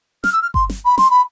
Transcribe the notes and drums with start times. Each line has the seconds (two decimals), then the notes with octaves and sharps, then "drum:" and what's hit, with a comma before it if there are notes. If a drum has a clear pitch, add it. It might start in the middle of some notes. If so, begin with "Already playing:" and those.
0.24 F6, drum: snare
0.32 E6
0.42 F6
0.54 C6, drum: kick G1
0.70 drum: snare
0.85 B5
0.98 C6, drum: snare
1.10 B5